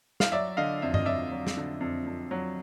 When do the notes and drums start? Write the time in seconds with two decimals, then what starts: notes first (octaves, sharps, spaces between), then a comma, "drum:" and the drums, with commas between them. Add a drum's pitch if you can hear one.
0.20 F5, drum: snare
0.32 F#3 D5 E5
0.57 D3 D#5 F5
0.82 F2 E5
0.94 D#5, drum: tom G2
1.05 F2 D5 E5
1.32 F#3
1.47 drum: snare
1.57 D3
1.81 F2
2.06 F2
2.31 F#3